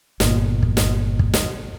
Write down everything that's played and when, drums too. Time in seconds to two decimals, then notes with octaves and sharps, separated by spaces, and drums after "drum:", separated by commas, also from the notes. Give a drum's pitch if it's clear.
0.20 G1 A#2, drum: snare
0.63 drum: kick
0.77 drum: snare
1.19 drum: kick
1.34 drum: snare